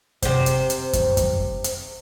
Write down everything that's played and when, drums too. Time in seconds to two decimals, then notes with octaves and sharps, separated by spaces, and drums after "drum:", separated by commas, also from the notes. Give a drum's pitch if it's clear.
0.22 C3 C5, drum: kick F#2, hi-hat
0.46 drum: hi-hat
0.70 drum: hi-hat
0.93 drum: kick F#2, hi-hat
1.17 drum: kick F#2, hi-hat
1.64 drum: hi-hat